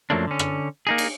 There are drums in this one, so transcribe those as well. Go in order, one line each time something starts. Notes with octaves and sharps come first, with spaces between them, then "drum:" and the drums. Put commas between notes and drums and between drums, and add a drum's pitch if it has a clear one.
F#2 F3 F#3 A3 A#3 D4
D3 C#4
drum: rim click
A#3 D#4 G#4
drum: cymbal